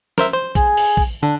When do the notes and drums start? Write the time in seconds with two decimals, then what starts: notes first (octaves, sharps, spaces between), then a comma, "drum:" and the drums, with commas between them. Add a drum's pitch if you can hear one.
0.18 A#4 C5 E5, drum: snare
0.33 C5
0.55 G#4, drum: kick, hi-hat
0.77 drum: open hi-hat
0.97 drum: kick
1.23 D3 D4